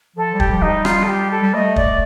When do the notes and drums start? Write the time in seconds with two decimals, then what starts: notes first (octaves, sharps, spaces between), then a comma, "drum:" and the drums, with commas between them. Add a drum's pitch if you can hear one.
0.16 F3 A4
0.34 G3
0.40 G4, drum: kick
0.51 F3
0.62 D#4
0.68 G3
0.85 F4, drum: rim click
1.03 A4
1.08 G4
1.31 A4
1.42 G3
1.54 A3 D#5
1.76 D5, drum: kick